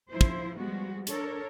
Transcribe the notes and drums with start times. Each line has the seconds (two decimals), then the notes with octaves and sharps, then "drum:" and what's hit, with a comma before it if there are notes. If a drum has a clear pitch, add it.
0.10 F3 E4 C5
0.21 drum: kick
0.57 F3 G3 G#3 B3 F#4
1.07 D4 A4 A#4 C#5, drum: hi-hat